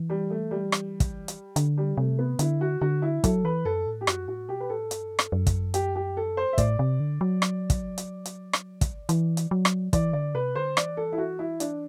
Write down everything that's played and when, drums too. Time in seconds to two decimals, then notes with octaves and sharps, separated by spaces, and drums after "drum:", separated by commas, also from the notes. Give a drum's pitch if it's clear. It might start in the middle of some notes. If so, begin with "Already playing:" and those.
Already playing: E3
0.10 G3
0.30 A3
0.51 G3
0.72 drum: rim click
1.00 drum: kick, hi-hat
1.28 drum: hi-hat
1.56 D3, drum: hi-hat
1.78 G3
1.98 C3 A3
2.19 B3
2.39 D3 E4, drum: hi-hat
2.61 F#4
2.81 D3 F#4
3.02 E4
3.24 F#3 A4, drum: kick, hi-hat
3.44 E3 B4
3.65 F#2 A4
3.87 A2
4.01 G4
4.07 F#2 F#4, drum: rim click
4.28 A2 F#4
4.49 B2 G4
4.60 B4
4.69 A2 A4
4.91 G2, drum: hi-hat
5.19 drum: rim click
5.32 F#2
5.47 drum: kick, hi-hat
5.74 G4, drum: hi-hat
5.95 G4
6.17 A4
6.37 C5
6.53 E5
6.58 A2 D5, drum: kick, hi-hat
6.79 C3
7.00 D3
7.21 F#3
7.42 drum: rim click
7.70 drum: kick, hi-hat
7.98 drum: hi-hat
8.25 drum: hi-hat
8.53 drum: rim click
8.81 drum: kick, hi-hat
9.09 E3, drum: hi-hat
9.37 drum: hi-hat
9.51 F#3
9.65 drum: rim click
9.93 E3 D5, drum: kick, hi-hat
10.13 D3 D5
10.35 C3 B4
10.55 D3 C5
10.77 E3 D5, drum: rim click
10.97 A4
11.12 E4
11.18 F#4
11.39 E4
11.60 D4, drum: hi-hat